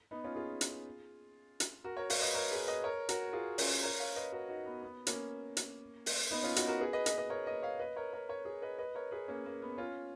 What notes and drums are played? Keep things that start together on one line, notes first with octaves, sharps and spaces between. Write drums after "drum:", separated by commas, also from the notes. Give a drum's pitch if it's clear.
B3 D#4
C#4 F4
F4 G#4
drum: hi-hat
drum: hi-hat
F#4 A#4
A#4 C#5
C#5 F5, drum: open hi-hat
B4 D#5
A#4 C#5
G#4 B4
B4 D#5
A#4 C#5
F#4 A#4, drum: hi-hat
F4 G#4
C#4 F4, drum: open hi-hat
A#4 C#5
C#5 F5
B4 D#5
F#4 A#4
D#4 F#4
B3
B3
A#3 C#4, drum: hi-hat
drum: hi-hat
drum: open hi-hat
B3 D#4
C#4 F4
D#4 F#4, drum: hi-hat
F#4 A#4
G#4 B4
B4 D#5
B4 D#5, drum: hi-hat
B4 D#5
A#4 C#5
B4 D#5
C#5 F5
B4 D#5
A#4 C#5
A#4 C#5
A#4 C#5
G#4 B4
B4 D#5
B4 D#5
A#4 C#5
G#4 B4
A#3 C#4
A#3
B3
C#4 F4